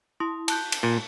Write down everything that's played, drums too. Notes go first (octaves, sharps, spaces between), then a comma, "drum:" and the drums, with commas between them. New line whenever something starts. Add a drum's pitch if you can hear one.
E4 C6 D#6
A5 F#6 G6, drum: cymbal
drum: cymbal
A#2